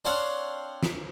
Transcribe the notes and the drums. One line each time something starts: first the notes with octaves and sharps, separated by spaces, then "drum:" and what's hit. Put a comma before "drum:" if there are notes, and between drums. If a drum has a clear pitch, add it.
C4 D4 C5 C#5 F5 F#5
drum: snare